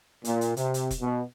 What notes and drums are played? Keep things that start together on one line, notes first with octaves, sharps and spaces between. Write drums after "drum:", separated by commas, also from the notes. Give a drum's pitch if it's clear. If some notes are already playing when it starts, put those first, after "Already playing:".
A#2, drum: hi-hat
drum: hi-hat
C3, drum: hi-hat
drum: hi-hat
drum: kick E1, hi-hat
B2